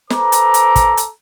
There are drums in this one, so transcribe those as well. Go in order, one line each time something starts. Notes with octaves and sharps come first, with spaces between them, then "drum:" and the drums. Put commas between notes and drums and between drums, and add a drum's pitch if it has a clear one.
A4 B4 C5 A#5 D6, drum: snare
drum: hi-hat
drum: hi-hat
drum: kick, hi-hat
drum: hi-hat